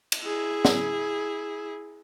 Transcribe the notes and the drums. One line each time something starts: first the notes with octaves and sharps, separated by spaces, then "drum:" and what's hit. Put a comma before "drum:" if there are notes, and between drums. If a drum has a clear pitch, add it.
drum: cymbal
E4 G#4
drum: snare